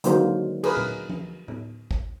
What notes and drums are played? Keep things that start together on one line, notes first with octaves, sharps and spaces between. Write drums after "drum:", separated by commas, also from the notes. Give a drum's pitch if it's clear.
D3 D#3 F#3 G#3 A#3 C5, drum: hi-hat
G#4 A#4 B4, drum: cymbal
drum: tom A#2
drum: tom F3
drum: tom A2
drum: kick